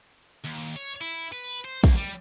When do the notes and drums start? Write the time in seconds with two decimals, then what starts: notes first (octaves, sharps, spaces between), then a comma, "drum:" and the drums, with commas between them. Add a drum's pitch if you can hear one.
0.45 D#2
0.76 C#5
1.01 E4
1.32 B4
1.65 C5
1.84 C#2, drum: kick
1.97 G3